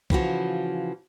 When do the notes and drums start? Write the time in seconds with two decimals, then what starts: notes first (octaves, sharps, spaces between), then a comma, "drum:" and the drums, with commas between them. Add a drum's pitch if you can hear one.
0.10 C#3 E3 F3 F#4, drum: kick